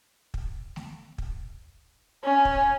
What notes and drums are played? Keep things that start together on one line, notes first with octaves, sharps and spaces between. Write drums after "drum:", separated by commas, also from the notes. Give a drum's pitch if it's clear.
drum: kick
drum: snare A3
drum: kick
C#4
drum: kick